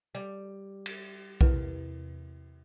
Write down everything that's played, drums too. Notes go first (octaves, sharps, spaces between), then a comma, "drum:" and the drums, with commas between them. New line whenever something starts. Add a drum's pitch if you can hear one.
G3
drum: cymbal
E2 C3 E4 A#4 B4, drum: kick B1